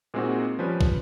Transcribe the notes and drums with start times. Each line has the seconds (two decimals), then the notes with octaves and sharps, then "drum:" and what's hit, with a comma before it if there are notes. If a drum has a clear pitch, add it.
0.14 A#2 G#3 A#3 C4 D#4 F#4
0.59 F3 G3 C#4 B4
0.81 drum: kick